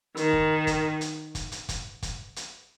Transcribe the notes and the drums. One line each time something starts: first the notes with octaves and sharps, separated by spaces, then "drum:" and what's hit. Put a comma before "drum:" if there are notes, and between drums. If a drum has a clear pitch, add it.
D#3, drum: hi-hat
drum: kick
drum: kick, hi-hat
drum: hi-hat
drum: kick, hi-hat
drum: hi-hat
drum: kick, hi-hat
drum: kick, hi-hat
drum: hi-hat